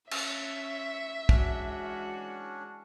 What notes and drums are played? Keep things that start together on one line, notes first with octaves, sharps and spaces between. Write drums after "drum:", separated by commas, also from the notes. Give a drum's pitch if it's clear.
C#4 E5 C#6, drum: cymbal
E3 G#3 C#4 D4 F#4, drum: kick